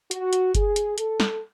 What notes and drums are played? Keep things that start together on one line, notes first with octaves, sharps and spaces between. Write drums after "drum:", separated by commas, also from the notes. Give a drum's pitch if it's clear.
F#4, drum: hi-hat
drum: hi-hat
G#4, drum: kick G1, hi-hat
drum: hi-hat
A4, drum: hi-hat
drum: snare